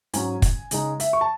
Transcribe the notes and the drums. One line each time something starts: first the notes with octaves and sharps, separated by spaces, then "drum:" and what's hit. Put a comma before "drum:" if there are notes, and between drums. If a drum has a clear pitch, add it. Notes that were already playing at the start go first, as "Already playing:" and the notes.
G#2 F#3 C#4 G#5, drum: hi-hat
drum: kick, hi-hat
C#3 G#3 D#4, drum: hi-hat
E5, drum: hi-hat
C#6
A5